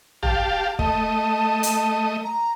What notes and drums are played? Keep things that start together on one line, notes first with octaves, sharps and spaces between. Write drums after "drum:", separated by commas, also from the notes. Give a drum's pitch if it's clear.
G4 F5 A5, drum: tom
A3 D#5 A5, drum: kick
drum: hi-hat
A#5